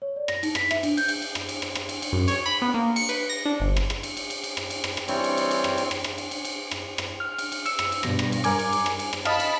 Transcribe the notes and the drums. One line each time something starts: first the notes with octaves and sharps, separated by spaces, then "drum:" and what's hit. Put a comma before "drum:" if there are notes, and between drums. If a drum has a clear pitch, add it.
C#5
D5
A#6, drum: rim click
D#4, drum: cymbal
B6, drum: rim click
E5, drum: rim click
D4, drum: cymbal
G6, drum: cymbal
drum: cymbal
drum: cymbal
drum: rim click
drum: cymbal
drum: rim click
drum: rim click
drum: cymbal
drum: cymbal
F#2
C#5, drum: cymbal
B5
B3
A#3
C#7, drum: cymbal
B4, drum: cymbal
A#6
D4
G1
drum: rim click
drum: rim click
drum: cymbal
drum: cymbal
drum: cymbal
drum: cymbal
drum: rim click
drum: cymbal
drum: rim click
drum: rim click
E3 G3 C4 C#5, drum: cymbal
drum: cymbal
drum: cymbal
drum: cymbal
drum: rim click
drum: cymbal
drum: rim click
drum: rim click
drum: cymbal
drum: cymbal
drum: cymbal
drum: rim click
drum: rim click
F6
drum: cymbal
drum: cymbal
E6 C#7, drum: cymbal
drum: rim click
drum: cymbal
G2 B2 A#6, drum: rim click
drum: rim click
drum: cymbal
A#4 G#5 D6, drum: cymbal
drum: cymbal
drum: cymbal
drum: rim click
drum: cymbal
drum: rim click
D#5 F5 A5 B5, drum: rim click
drum: cymbal